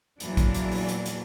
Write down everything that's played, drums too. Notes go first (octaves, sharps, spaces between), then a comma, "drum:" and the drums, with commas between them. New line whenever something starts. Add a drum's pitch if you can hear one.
E2 A#2 E3 F#3 A#3 D4, drum: hi-hat
drum: kick, hi-hat
drum: hi-hat
drum: open hi-hat
drum: hi-hat
drum: hi-hat